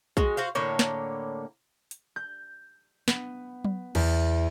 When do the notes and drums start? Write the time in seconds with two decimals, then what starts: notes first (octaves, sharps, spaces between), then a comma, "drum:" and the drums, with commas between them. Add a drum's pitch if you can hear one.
0.17 G#3 F#4, drum: kick
0.37 F#4 C5 F5
0.55 A2 D3 A#3 C#5
0.79 drum: snare
1.91 drum: hi-hat
2.16 G6
3.08 B3, drum: snare
3.65 drum: tom F#3
3.95 E2, drum: cymbal